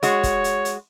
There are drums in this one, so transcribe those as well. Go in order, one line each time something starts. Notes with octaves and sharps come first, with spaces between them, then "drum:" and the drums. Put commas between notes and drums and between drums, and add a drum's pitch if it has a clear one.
G#3 F#4 C#5, drum: hi-hat
drum: kick, hi-hat
drum: hi-hat
drum: hi-hat